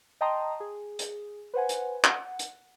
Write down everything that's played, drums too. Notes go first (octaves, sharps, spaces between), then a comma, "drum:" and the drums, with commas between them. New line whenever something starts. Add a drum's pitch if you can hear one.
D#5 G5 A5 A#5 C6 D#6
G#4
drum: hi-hat
B4 C5 F#5 G#5
drum: hi-hat
F#5, drum: clap
drum: hi-hat